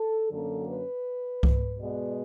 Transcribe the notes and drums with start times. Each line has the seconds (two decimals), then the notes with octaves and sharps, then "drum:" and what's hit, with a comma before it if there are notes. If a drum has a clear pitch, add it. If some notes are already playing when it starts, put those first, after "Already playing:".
Already playing: A4
0.29 F#2 D3 F#3 A#3 C#4 A4
0.67 B4
1.43 drum: kick C2
1.78 B2 G#3 B3 D5